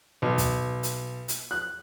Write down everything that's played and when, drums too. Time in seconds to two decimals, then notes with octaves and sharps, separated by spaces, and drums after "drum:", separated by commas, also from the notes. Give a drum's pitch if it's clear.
0.22 B1
0.38 drum: kick, hi-hat
0.83 drum: hi-hat
1.28 drum: hi-hat
1.51 F#6